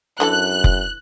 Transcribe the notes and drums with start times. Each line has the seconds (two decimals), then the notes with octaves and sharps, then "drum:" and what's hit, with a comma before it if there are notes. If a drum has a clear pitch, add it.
0.20 F#2 D3 E3 A4 F#6
0.64 drum: kick F1